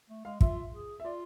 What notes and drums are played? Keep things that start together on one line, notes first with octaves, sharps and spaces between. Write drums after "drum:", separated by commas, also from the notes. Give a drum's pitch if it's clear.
A3
G#3 F5
F4 E5, drum: kick
G#4
E5
F4 D5